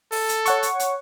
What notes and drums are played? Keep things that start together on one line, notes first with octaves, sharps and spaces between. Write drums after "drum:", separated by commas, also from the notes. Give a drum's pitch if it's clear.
A4, drum: open hi-hat
drum: hi-hat
C#5 F#5 C#6, drum: hi-hat
drum: hi-hat
drum: hi-hat